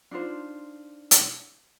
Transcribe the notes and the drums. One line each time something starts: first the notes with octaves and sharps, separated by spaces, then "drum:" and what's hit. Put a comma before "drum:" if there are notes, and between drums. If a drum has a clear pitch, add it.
D4 D#4 F4 C5
drum: hi-hat